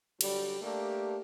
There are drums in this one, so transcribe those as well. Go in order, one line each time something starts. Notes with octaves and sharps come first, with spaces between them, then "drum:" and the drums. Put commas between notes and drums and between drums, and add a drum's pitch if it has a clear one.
D3 F#3 G3, drum: cymbal
A3 A#3 D4 G4